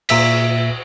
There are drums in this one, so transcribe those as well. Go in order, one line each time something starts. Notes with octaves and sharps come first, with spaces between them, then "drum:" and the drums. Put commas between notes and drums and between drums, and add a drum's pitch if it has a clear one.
A#2 E5 B6, drum: cymbal